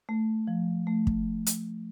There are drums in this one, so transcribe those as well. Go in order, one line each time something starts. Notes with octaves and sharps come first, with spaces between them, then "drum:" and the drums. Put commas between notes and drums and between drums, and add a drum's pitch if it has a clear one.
A3
F3
A3
drum: kick
drum: hi-hat